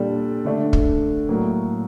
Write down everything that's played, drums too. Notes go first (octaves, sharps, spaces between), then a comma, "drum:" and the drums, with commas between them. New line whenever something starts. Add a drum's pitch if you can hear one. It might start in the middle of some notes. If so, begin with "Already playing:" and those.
Already playing: A#2 G3 D4 A4
D3 A3 D4
drum: kick
A2 F#3 A#3